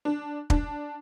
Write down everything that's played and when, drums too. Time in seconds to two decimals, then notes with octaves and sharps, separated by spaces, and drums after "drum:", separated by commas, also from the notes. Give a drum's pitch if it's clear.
0.05 D4
0.50 D4, drum: kick